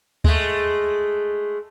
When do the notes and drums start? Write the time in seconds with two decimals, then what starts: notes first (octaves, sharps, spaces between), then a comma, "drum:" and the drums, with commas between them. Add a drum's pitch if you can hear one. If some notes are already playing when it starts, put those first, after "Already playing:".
0.24 G#3 A3, drum: kick D2